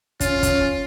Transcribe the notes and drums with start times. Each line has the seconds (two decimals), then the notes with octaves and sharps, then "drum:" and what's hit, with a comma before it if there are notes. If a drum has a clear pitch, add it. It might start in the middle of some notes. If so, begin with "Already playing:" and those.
0.20 C#4 F4, drum: kick, hi-hat
0.43 drum: kick, hi-hat